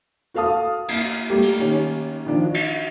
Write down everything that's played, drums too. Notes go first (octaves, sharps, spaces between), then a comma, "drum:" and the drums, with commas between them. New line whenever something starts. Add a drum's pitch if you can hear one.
F#4 A4 F5 A5 D#6
A#3 E4, drum: cymbal
G3 A3 A#3 G4
drum: cymbal
D#3 A#3 C#4 G4
D#3 F3 D4
F#4
drum: cymbal